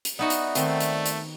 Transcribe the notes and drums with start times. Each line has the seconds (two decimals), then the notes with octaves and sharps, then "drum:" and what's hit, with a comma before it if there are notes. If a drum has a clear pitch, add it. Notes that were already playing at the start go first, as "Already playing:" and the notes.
0.05 drum: hi-hat
0.19 B3 D#4 F#4 D5 E5
0.30 drum: hi-hat
0.55 D#3 A3 C4 C6, drum: hi-hat
0.80 drum: hi-hat
1.06 drum: hi-hat